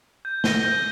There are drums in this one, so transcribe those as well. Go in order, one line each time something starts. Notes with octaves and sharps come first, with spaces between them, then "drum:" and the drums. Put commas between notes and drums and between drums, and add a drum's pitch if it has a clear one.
G6
A#6 D#7 G7, drum: snare
G6